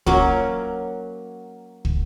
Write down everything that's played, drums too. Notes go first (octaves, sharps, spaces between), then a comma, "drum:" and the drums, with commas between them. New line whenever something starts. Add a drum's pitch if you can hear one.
F#3 A#3 C#4, drum: kick
drum: kick